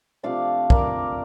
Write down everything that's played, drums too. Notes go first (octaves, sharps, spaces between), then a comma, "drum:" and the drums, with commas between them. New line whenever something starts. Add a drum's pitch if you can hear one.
C3 F3 A3 D4 D5 F5
A#4 D5, drum: kick